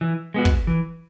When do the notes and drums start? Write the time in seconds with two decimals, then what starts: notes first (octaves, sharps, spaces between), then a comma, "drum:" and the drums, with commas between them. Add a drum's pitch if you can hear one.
0.01 E3
0.34 G#3 B3 F#4
0.45 drum: kick
0.67 E3